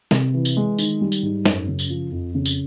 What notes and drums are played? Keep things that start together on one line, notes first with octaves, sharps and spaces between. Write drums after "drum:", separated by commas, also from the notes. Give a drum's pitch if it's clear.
C3, drum: snare
E3
drum: tambourine
G#3
D#3, drum: tambourine
G3
drum: tambourine
G#2
F#2, drum: snare
C#3
drum: tambourine
F3
F2
C#3
drum: tambourine